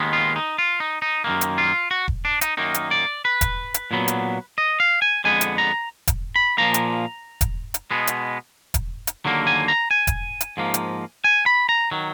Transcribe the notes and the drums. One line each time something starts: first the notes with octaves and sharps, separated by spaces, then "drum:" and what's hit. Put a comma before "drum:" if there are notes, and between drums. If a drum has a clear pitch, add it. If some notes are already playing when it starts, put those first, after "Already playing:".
Already playing: D#2 D#3 G#3 B3
F4
D#4
F4
D#4
D#4
F#2 D#3 A#3
drum: hi-hat
F4
F#4
drum: kick E1
D4
D#4, drum: hi-hat
F#2 D#3 A#3 D#4
drum: hi-hat
D5
B4
drum: kick E1, hi-hat
drum: hi-hat
A#2 F#3 B3
drum: hi-hat
D#5
F5
G#5
F2 D3 G#3 B3 G#5
drum: hi-hat
A#5
drum: kick E1, hi-hat
B5
A#2 F3 A#3 A#5
drum: hi-hat
drum: kick E1, hi-hat
drum: hi-hat
B2 G#3 B3
drum: hi-hat
drum: kick E1, hi-hat
drum: hi-hat
D#2 D3 F#3 A#3
G#5
A#5
G#5
drum: kick E1, hi-hat
drum: hi-hat
G#2 F3 A#3
drum: hi-hat
G#5
B5
A#5
D#3 F#3